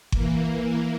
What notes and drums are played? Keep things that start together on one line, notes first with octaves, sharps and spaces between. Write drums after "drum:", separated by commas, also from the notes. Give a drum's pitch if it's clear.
E3 A#3, drum: kick G1